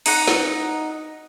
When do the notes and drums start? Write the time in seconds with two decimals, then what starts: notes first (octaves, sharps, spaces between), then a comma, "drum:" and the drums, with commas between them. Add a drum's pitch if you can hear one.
0.06 D#4 F#5, drum: open hi-hat
0.28 drum: snare